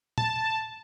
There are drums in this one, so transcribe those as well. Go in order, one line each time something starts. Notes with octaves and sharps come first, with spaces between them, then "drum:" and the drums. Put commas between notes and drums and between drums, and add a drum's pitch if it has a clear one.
A5, drum: tom A#2